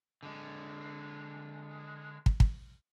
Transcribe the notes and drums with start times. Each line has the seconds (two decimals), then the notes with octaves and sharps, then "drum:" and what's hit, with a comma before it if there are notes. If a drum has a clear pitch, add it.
0.23 D3 G#3
2.26 drum: kick
2.40 drum: kick